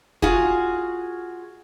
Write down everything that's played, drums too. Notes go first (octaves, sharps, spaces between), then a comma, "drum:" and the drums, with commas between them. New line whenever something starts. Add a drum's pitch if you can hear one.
F4 F#4 G#4, drum: kick